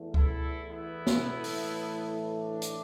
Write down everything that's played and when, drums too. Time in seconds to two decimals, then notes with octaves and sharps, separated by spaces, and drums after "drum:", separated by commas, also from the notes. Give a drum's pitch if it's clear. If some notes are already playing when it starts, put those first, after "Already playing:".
Already playing: E2 E3 A3
0.14 E4 A4, drum: kick C#2
0.69 B3 E4
1.07 drum: snare
1.25 A2 E3 A3
1.44 drum: open hi-hat
2.35 D4
2.62 drum: hi-hat